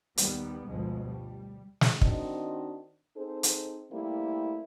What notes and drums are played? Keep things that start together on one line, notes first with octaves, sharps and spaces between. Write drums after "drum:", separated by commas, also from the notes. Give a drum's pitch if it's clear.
D#2 D#3 G3 B3, drum: hi-hat
D2 G2 B2 F3 G#3
G3
drum: snare
D#3 C4 D4 F#4 D#5, drum: kick
C4 D#4 G#4 A4 C5
drum: hi-hat
G3 A3 A#3 C4 E4